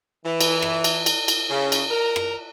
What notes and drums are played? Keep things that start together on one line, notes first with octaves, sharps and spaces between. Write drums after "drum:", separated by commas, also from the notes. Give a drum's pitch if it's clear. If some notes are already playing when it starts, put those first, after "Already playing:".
E3
drum: cymbal
drum: rim click
drum: cymbal
drum: cymbal
drum: cymbal
C#3
drum: cymbal
A#4
drum: rim click